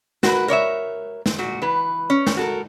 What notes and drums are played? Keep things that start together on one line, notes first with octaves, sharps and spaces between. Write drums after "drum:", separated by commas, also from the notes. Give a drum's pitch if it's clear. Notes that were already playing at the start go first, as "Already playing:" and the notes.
F#4 A#4 B4, drum: snare
A#4 C#5 D5 E5
drum: snare
A#2 F#4
E3 B4
C#4
drum: snare
F#4 A4 A#4